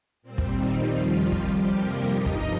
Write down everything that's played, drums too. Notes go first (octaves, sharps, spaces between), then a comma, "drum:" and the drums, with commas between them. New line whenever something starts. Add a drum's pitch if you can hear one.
A#2 G3 C4
drum: kick
D#3 D#4
D#2 D#3 F3 G3 F4
drum: kick
F2 C3 F3 G3 G4
A#3 A#4
G2 F3 D#4 D#5
drum: kick